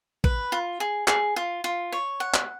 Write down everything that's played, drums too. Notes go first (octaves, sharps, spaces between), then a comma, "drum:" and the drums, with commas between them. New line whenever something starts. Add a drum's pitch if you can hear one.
B4, drum: kick A1
F4
G#4
G#4, drum: clap
F4
F4
C#5
F#5
drum: clap